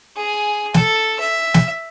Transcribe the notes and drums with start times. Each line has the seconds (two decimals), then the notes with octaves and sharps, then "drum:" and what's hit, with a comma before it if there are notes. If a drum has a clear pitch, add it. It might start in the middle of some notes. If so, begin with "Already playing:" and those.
0.16 G#4 G#5
0.74 A4 E6, drum: snare
1.19 E5
1.54 drum: snare